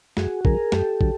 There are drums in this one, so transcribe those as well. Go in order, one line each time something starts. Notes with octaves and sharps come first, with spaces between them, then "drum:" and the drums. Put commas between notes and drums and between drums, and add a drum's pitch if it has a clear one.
F#2 F#4 G#4, drum: snare
D3 F#3 G#4 A#4, drum: kick
F#2 G4 A4, drum: snare
D3 F#3, drum: kick